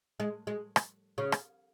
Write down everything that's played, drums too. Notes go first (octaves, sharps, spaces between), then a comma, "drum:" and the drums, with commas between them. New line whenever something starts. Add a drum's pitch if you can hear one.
G#3
G#3
drum: rim click
C#3
drum: rim click